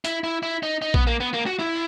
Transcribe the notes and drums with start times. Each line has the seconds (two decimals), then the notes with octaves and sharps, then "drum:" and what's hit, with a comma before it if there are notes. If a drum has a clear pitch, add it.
0.05 E4, drum: hi-hat
0.24 E4
0.43 E4
0.63 D#4
0.82 D#4
0.94 B3, drum: kick A#1
1.07 A#3
1.20 B3
1.34 A#3
1.46 F#4
1.59 E4